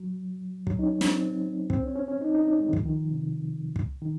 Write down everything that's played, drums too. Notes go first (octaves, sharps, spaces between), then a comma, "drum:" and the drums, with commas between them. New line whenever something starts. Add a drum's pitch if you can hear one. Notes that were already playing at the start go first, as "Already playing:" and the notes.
Already playing: F#3
F#3, drum: kick
D#4
C#4
C4, drum: snare
C4, drum: kick
C#4
C#4
C#4
D#4
D#4
C#4
G#3
D#3
F3, drum: kick
D#3
C3
drum: kick
D#3